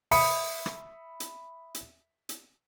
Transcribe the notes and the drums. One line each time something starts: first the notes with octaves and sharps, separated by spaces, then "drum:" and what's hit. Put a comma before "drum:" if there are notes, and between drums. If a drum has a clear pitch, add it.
E5 B5 D#6 C#7, drum: open hi-hat
drum: rim click
drum: hi-hat
drum: hi-hat
drum: hi-hat